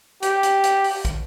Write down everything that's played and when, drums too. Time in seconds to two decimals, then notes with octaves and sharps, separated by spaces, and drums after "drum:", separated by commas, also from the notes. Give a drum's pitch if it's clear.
0.22 G4, drum: hi-hat
0.43 drum: hi-hat
0.64 drum: hi-hat
0.84 drum: open hi-hat
1.05 drum: kick, hi-hat